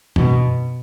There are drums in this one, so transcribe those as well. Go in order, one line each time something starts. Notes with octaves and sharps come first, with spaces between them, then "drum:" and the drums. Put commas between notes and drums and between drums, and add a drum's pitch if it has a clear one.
B2, drum: tom F#2